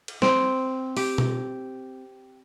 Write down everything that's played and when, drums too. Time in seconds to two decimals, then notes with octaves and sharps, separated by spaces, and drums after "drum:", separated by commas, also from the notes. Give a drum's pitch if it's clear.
0.08 drum: cymbal
0.22 C4, drum: snare
0.97 G4, drum: open hi-hat
1.18 drum: tom B2